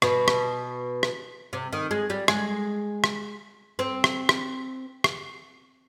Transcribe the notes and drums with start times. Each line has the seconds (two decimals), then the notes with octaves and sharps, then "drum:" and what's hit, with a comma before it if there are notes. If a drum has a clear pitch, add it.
0.02 B2, drum: rim click
0.28 drum: rim click
1.03 drum: rim click
1.53 C3
1.73 D#3
1.91 G#3
2.10 G3
2.28 G#3, drum: rim click
3.04 drum: rim click
3.79 C4
4.04 drum: rim click
4.29 drum: rim click
5.04 drum: rim click